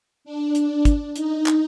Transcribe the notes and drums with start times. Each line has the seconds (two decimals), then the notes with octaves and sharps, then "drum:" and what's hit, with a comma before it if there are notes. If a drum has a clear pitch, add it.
0.25 D4
0.55 drum: hi-hat
0.85 drum: kick, hi-hat
1.16 D#4, drum: hi-hat
1.46 drum: clap